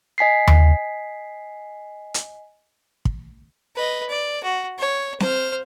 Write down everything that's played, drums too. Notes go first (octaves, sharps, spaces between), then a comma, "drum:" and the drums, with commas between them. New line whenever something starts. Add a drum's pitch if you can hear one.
D#5 G#5 B6 C7
drum: tom D#2
drum: hi-hat
drum: kick
B4 D#5
D5
F#4
C#5
C5 F6, drum: snare C4